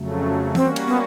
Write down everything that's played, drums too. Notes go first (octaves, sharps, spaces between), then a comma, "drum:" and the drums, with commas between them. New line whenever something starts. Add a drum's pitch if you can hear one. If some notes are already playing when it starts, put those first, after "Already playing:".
Already playing: F2 C#3 F#3 A3
G3 A#3 C4 C#4 F#4, drum: tom E3
drum: cymbal
B3